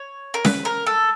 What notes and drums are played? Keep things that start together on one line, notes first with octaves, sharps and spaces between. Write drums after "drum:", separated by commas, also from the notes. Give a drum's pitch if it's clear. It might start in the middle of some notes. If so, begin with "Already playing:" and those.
Already playing: C#5
A#4
B4, drum: snare C#4
A#4
A4